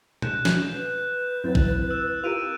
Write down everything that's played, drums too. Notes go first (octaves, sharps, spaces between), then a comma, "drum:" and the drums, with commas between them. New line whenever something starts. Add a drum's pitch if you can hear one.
F#6 G6 E7, drum: tom B2
drum: snare
B4
F#2 F#3 C4 E4 G6 A6
drum: kick A1
E6 F#6 E7
F4 G4 A#4 D7 D#7 F7